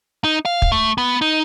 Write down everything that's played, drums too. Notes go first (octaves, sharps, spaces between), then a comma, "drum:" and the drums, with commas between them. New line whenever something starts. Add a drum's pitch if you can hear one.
D#4
F5
drum: kick
A3
B3
D#4